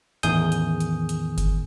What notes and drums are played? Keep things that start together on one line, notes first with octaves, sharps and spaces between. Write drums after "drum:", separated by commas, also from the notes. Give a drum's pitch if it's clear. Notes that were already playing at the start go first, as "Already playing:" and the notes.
A1 E2 D#3 G#4 D#6 G6, drum: hi-hat
drum: hi-hat
drum: hi-hat
drum: hi-hat
drum: kick G1, hi-hat